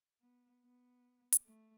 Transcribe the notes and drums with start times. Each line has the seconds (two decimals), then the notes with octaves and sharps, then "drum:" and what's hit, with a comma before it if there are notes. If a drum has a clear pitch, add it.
0.21 B3
0.63 B3
1.32 drum: hi-hat
1.45 A3